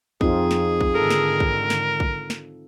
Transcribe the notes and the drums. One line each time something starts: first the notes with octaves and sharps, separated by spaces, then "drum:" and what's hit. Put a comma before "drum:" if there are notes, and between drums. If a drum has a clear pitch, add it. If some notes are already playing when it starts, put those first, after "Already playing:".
F2 C4 D#4 F4 G#4, drum: kick
drum: snare
drum: kick
G#2 D3 D#3 A4 A#4
drum: snare
drum: kick
drum: snare
drum: kick
drum: snare